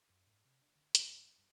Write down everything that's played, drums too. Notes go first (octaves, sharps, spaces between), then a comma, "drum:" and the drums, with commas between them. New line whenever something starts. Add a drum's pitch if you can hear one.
F#2
G#2
C3
D4
D3
G2, drum: hi-hat
G2